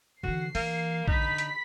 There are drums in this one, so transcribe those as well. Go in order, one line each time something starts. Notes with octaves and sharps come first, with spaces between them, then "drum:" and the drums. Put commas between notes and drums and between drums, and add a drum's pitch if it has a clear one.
D3 E3 F#4 C7
E3 A#3, drum: open hi-hat
D3 D#4 B5 B6, drum: kick A#1
drum: hi-hat